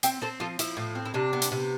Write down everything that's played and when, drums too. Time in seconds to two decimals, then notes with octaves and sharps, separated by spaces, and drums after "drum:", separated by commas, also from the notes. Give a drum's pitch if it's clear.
0.03 C4 E5 G5, drum: hi-hat
0.22 C4 A4 C5
0.40 F3 F4 A4
0.59 F3 E4, drum: hi-hat
0.77 A2
0.95 C4
1.05 E4
1.14 C3 D4
1.33 B3
1.42 drum: hi-hat
1.52 C3